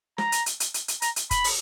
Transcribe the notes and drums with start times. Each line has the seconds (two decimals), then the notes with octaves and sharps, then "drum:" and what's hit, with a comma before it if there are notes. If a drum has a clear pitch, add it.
0.18 A#5, drum: snare
0.32 drum: hi-hat
0.46 drum: hi-hat
0.60 drum: hi-hat
0.74 drum: hi-hat
0.88 drum: hi-hat
1.02 A#5, drum: hi-hat
1.16 drum: hi-hat
1.31 B5, drum: kick, hi-hat
1.44 drum: open hi-hat